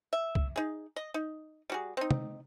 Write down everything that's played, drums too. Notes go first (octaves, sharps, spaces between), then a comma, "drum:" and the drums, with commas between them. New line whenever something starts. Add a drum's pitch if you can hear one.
E5
drum: kick C2
D#4 G#4
D#5
D#4
G3 F#4 G#4
C4 D#4
drum: tom